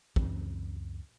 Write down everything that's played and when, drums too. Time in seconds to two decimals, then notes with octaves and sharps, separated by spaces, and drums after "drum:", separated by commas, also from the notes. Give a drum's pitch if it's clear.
0.16 C#2 F#2 E3 C4, drum: kick